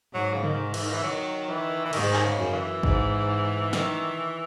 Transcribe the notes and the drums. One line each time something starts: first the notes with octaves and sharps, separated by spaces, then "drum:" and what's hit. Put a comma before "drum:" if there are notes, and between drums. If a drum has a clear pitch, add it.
G#2 F#3
C#3
D#3, drum: tom C3
E3, drum: cymbal
D#3
E3
D#3 F#3
E3
E3
G#2 D#3, drum: cymbal
drum: clap
C#3
F#2
E3
G#2, drum: kick
D#3, drum: snare